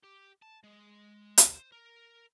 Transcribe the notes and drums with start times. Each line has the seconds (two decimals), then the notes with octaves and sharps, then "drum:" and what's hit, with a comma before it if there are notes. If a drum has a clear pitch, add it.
0.03 G4
0.42 A5
0.64 G#3
1.38 C5, drum: hi-hat
1.72 A#4